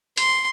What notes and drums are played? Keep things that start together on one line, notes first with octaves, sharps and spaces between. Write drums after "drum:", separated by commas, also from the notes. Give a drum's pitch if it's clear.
C6, drum: hi-hat